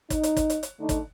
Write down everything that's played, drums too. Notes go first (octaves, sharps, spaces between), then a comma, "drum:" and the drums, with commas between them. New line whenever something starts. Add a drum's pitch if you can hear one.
D#4, drum: kick, hi-hat
drum: hi-hat
drum: kick, hi-hat
drum: hi-hat
drum: hi-hat
D3 A3 D#4
drum: kick, hi-hat